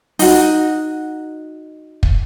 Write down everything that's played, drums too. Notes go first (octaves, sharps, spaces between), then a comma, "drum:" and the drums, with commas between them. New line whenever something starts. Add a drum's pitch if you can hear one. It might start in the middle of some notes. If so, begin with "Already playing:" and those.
D#4 F#4, drum: open hi-hat
drum: kick